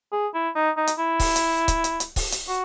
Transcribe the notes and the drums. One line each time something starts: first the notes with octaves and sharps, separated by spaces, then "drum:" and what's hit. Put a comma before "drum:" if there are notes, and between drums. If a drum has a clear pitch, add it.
G#4
E4
D#4
D#4
drum: hi-hat
E4
drum: kick C#1, open hi-hat
drum: hi-hat
drum: kick C#1, hi-hat
drum: hi-hat
drum: hi-hat
drum: kick C#1, open hi-hat
drum: hi-hat
F#4